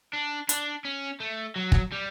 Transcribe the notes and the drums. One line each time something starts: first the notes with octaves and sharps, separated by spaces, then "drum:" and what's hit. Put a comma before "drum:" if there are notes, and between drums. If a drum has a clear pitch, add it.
D4
D4, drum: hi-hat
C#4
A3
F#3
drum: kick
G3